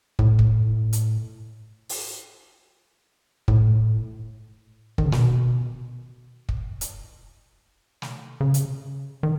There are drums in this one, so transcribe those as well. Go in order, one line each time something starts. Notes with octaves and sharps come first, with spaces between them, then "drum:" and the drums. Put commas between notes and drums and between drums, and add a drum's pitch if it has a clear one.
A2, drum: kick
drum: kick
drum: hi-hat
drum: open hi-hat
A2, drum: kick
D#3, drum: kick
C#3
B2, drum: snare
drum: kick
drum: hi-hat
drum: snare
C#3
drum: hi-hat
D#3